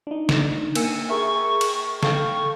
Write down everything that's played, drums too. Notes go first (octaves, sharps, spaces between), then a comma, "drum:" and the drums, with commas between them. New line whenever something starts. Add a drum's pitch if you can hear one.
D4 D#4
drum: snare
A#3 G#5 E6 C#7, drum: cymbal
G#4 A#4 E5 C#6
drum: cymbal
A4 F5 G5 C#6, drum: snare